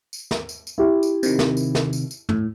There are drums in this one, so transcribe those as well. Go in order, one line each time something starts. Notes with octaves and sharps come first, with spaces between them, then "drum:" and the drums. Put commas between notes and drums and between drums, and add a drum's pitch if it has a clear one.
drum: tambourine
drum: snare
drum: tambourine
drum: tambourine
E4 G4
drum: tambourine
C3 D#3, drum: tambourine
drum: snare
drum: tambourine
drum: snare
drum: tambourine
drum: tambourine
A2, drum: tom